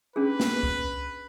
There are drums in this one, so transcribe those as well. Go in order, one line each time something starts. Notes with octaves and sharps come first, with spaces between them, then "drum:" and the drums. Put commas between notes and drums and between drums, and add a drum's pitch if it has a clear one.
C#4 D4 G#4 B4
drum: snare
drum: kick C2